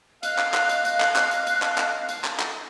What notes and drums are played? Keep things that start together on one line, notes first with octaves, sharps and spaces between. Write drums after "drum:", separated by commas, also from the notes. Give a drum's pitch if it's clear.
D#5 F5 F#6, drum: hi-hat
drum: clap
drum: clap
drum: hi-hat
drum: hi-hat
drum: clap
drum: clap
drum: hi-hat
drum: hi-hat
drum: clap
drum: clap
drum: hi-hat
drum: clap
drum: clap